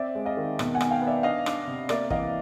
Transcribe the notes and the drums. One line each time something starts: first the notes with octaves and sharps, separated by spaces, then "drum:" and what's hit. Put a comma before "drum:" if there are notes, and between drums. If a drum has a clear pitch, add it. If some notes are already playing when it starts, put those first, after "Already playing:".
Already playing: C4 D5 E5
G#3
D#5 F5
D#3
B2, drum: rim click
F#5 G#5
D#4, drum: rim click
F5 G5
B3
D5 E5
D4 D#5 F5
D4, drum: rim click
C3
A#3 D5 E5, drum: rim click
E3 D#5 F5, drum: kick